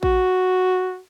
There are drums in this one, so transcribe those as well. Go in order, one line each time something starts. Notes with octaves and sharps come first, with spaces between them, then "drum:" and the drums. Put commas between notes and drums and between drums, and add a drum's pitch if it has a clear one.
F#4, drum: kick A1